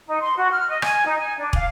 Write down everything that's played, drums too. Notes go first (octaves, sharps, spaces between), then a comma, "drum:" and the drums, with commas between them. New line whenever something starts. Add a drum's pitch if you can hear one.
D#4
C6
F#4
F6
D#5
G#5, drum: rim click
D#4
G#5
D4
F5, drum: kick